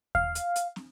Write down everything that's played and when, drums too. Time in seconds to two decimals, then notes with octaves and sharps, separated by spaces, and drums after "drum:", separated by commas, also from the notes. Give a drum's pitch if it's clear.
0.15 F5, drum: kick D#2
0.35 drum: hi-hat
0.56 drum: hi-hat
0.76 drum: snare